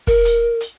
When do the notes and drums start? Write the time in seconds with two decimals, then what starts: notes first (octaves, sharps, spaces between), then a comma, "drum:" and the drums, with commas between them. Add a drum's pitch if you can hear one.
0.07 A#4, drum: kick, open hi-hat
0.25 drum: hi-hat
0.60 drum: hi-hat